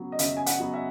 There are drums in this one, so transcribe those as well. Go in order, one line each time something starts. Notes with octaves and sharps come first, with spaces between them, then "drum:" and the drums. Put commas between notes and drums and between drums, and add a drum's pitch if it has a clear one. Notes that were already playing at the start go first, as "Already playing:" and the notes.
Already playing: C#3 F#3 B3
D#5
C#3 E5, drum: hi-hat
G#5
F#5, drum: hi-hat
F#3 B3
E5